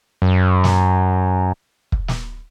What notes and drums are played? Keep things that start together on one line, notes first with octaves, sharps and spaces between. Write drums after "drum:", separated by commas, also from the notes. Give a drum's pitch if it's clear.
F#2
drum: snare
drum: kick
drum: snare